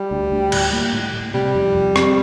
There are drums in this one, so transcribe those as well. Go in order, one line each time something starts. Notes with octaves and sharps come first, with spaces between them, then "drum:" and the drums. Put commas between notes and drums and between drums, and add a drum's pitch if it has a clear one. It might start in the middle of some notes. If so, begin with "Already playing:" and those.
Already playing: G3
D2
D2
A2, drum: cymbal
A#3
A2
A2
C3 G3
F2
F2
C4, drum: rim click